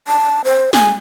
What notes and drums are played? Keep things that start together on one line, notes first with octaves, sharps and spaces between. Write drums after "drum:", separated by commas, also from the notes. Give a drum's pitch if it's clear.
A5
C5
G#5, drum: snare